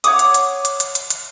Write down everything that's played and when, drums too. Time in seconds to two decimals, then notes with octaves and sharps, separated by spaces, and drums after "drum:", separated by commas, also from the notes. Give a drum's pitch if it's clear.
0.04 C#5 F#5 D6 D#6, drum: hi-hat
0.19 drum: hi-hat
0.34 drum: hi-hat
0.65 drum: hi-hat
0.80 drum: hi-hat
0.95 drum: hi-hat
1.10 drum: hi-hat